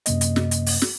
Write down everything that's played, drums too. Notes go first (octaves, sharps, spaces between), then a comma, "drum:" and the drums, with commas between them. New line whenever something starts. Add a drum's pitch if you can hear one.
F#2 C3 A#3 D#5, drum: hi-hat
drum: hi-hat
drum: snare
drum: hi-hat
drum: open hi-hat
drum: snare